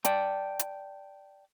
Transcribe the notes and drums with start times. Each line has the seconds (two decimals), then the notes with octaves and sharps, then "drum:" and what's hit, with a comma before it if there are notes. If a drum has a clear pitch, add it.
0.05 D5 G5 A5, drum: hi-hat
0.59 drum: hi-hat